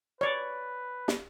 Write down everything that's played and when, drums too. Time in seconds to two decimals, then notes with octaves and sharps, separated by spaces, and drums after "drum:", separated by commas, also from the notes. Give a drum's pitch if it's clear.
0.21 B4 C#5 D5
1.08 drum: snare